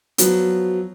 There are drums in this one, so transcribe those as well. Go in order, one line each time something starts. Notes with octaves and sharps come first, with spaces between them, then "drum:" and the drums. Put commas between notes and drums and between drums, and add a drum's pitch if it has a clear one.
F3 F#3 B3, drum: hi-hat